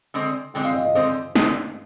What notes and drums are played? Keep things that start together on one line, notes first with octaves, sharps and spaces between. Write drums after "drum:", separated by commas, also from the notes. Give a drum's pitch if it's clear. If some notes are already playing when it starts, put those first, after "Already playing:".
D3 G#3 C4
D3 G#3 C4 G5
F5, drum: open hi-hat
D#5
D#5
D3 G#3 C4 C5
D3 G#3 C4, drum: snare